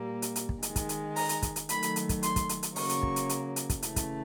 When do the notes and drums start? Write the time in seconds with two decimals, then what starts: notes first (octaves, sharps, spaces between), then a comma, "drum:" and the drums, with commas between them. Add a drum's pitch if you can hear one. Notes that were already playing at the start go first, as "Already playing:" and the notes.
Already playing: A#2 G3 A#3
0.22 drum: hi-hat
0.36 drum: hi-hat
0.49 drum: kick
0.63 D#3 G#3, drum: hi-hat
0.76 drum: kick, hi-hat
0.89 drum: hi-hat
1.16 A#5, drum: open hi-hat
1.29 drum: hi-hat
1.42 drum: kick, hi-hat
1.56 drum: hi-hat
1.69 D#3 F#3 A3 B5, drum: hi-hat
1.83 drum: hi-hat
1.96 drum: hi-hat
2.09 drum: kick, hi-hat
2.23 C6, drum: hi-hat
2.36 drum: kick, hi-hat
2.49 drum: hi-hat
2.63 drum: hi-hat
2.76 C#3 F#3 A#3 C#6, drum: open hi-hat
2.89 drum: hi-hat
3.03 drum: kick
3.16 drum: hi-hat
3.29 drum: hi-hat
3.56 drum: hi-hat
3.70 drum: kick, hi-hat
3.82 C#3 E3 A3, drum: hi-hat
3.96 drum: kick, hi-hat